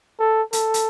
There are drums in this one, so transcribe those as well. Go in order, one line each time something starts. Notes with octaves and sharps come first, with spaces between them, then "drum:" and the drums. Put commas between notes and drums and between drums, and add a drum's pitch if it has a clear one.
A4
A4, drum: hi-hat
drum: hi-hat